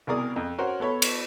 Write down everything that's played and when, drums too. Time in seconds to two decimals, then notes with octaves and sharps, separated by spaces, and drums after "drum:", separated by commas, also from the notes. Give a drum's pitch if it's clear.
0.07 C2 B2 G#4 A#4 D5 D#6
0.36 F2
0.58 C#4 F#4 A#4 C5 F#5
0.80 B3 A4 C#5 B5
1.02 drum: cymbal